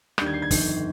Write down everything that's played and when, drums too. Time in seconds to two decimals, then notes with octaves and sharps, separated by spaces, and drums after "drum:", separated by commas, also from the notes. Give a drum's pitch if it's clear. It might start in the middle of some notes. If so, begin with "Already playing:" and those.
0.18 D#2 D3 G3 G6, drum: rim click
0.26 G#6
0.34 C7
0.42 G#6
0.51 G1 F2 D#3, drum: kick, open hi-hat